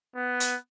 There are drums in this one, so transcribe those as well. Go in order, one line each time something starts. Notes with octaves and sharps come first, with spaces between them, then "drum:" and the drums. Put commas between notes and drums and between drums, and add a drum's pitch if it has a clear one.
B3
drum: hi-hat